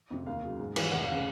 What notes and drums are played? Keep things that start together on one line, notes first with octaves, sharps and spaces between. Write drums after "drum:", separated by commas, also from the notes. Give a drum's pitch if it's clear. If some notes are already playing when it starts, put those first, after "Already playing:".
F2 C3
D#2 F5
C#3 F#3
G#2
E3 G3, drum: cymbal
F1 F#5
F5
C#3